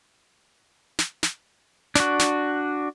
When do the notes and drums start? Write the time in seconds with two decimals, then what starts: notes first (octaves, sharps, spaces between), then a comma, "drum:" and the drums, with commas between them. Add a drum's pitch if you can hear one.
0.99 drum: snare
1.23 drum: snare
1.95 D4 F#4, drum: snare
2.20 drum: snare